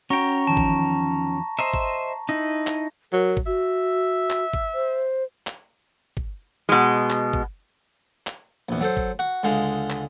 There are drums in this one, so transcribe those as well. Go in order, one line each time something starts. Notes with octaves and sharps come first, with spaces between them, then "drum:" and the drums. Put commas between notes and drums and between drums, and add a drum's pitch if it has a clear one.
C#4 F#4 G5 A#5 C#6 A#6
E2 D#3 F3 A5
drum: kick
C5 D#5 E5 A#5
drum: kick
D#4 E4 A#6
drum: clap
F#3 A#4
drum: kick
F#4 E5
drum: clap
drum: kick
C5
drum: clap
drum: kick
B2 G#3
drum: clap
drum: kick
drum: clap
A#1 E2
F#3 A4 C5
drum: kick
F#4
C#2 D3 G#3 F5 A5
drum: clap